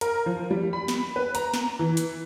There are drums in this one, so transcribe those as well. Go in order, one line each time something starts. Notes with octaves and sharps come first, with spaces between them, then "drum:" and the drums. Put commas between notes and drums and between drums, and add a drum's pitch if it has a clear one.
A#4, drum: hi-hat
F3
G3
B5
drum: snare
B4
A#5, drum: hi-hat
drum: snare
E3
drum: hi-hat